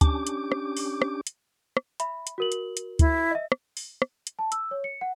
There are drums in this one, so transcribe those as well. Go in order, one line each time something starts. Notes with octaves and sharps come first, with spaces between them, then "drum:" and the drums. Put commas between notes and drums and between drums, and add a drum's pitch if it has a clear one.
C#4 D4 G4 D6, drum: kick D2, hi-hat
drum: hi-hat
drum: rim click
drum: open hi-hat
drum: rim click
drum: hi-hat
drum: rim click
E5 B5, drum: hi-hat
drum: hi-hat
F#4 A#4 F#7
drum: hi-hat
drum: hi-hat
E4, drum: kick D2, hi-hat
D#5 E5
drum: rim click
drum: open hi-hat
drum: rim click
drum: hi-hat
A5
E6, drum: hi-hat
C#5
C#7
F#5